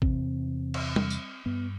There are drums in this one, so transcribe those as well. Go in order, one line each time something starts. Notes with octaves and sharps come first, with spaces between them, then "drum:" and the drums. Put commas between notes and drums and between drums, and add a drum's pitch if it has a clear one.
E2 C3 C4, drum: kick G#1
drum: cymbal
drum: tom
drum: tambourine
G2 B3